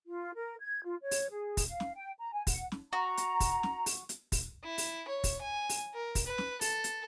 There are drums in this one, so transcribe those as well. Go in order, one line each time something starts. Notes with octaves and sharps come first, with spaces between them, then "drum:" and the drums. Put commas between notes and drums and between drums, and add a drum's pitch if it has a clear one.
F4
A#4
G#6
F4
C#5
drum: open hi-hat
G#4
drum: kick, open hi-hat
F5
drum: snare
G5
A#5
G#5
F#5, drum: kick, open hi-hat
drum: snare
F#4 A#5
drum: hi-hat
drum: kick, open hi-hat
drum: snare
drum: open hi-hat
drum: hi-hat
drum: kick, open hi-hat
E4
drum: open hi-hat
C#5
drum: kick, open hi-hat
G#5
drum: open hi-hat
A#4
drum: kick, open hi-hat
B4
drum: snare
A4, drum: open hi-hat
drum: hi-hat